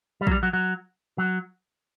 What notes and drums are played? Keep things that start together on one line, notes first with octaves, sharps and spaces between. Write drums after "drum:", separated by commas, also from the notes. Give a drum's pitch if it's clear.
G3
F#3, drum: kick A#1
G3
F#3
F#3
F#3